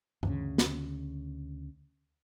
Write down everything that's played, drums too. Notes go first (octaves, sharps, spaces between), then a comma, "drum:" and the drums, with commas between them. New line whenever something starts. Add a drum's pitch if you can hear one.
D2 C#3, drum: tom G2
drum: snare